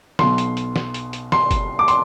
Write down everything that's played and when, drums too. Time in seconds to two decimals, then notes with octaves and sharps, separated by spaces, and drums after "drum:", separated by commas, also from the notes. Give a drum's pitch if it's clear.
0.19 B1 B2 C6, drum: snare
0.38 drum: hi-hat
0.57 drum: hi-hat
0.76 drum: snare
0.94 drum: hi-hat
1.13 drum: hi-hat
1.32 C6, drum: snare
1.51 drum: kick, hi-hat
1.79 D6
1.88 C6, drum: hi-hat